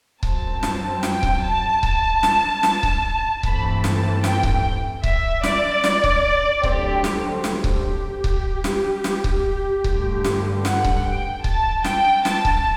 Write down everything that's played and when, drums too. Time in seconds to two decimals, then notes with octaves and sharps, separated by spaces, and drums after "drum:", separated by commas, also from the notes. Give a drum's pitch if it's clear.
0.23 F#2 F#3 C4 A5, drum: kick C#1
0.63 drum: snare
1.03 G5, drum: snare
1.23 drum: kick C#1
1.43 A5
1.83 drum: kick C#1
2.23 drum: snare
2.63 drum: snare
2.83 drum: kick C#1
3.43 G2 E3 A3 C4 B5, drum: kick C#1
3.84 A5, drum: snare
4.24 G5, drum: snare
4.43 drum: kick C#1
5.04 E5, drum: kick C#1
5.43 D5, drum: snare
5.84 drum: snare
6.04 drum: kick C#1
6.63 D2 D3 F#3 A3 C4 G4, drum: kick C#1
7.04 drum: snare
7.44 G4, drum: snare
7.64 drum: kick C#1
8.24 drum: kick C#1
8.64 drum: snare
9.04 drum: snare
9.24 drum: kick C#1
9.84 G2 D3 A3, drum: kick C#1
10.24 drum: snare
10.65 F#5, drum: snare
10.84 drum: kick C#1
11.05 G5
11.44 A5, drum: kick C#1
11.84 G5, drum: snare
12.25 A5, drum: snare
12.45 drum: kick C#1